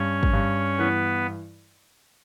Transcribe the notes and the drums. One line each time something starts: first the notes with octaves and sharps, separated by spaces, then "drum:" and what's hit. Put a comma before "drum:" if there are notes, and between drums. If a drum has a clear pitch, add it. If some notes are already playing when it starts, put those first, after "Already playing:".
Already playing: G2 C#4 C#5
drum: kick
G2
E3 B3 B4